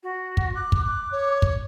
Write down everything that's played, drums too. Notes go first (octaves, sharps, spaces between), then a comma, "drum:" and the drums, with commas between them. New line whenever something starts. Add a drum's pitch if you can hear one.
F#4
drum: kick
D6 F#6
drum: kick
D6
C#5
drum: kick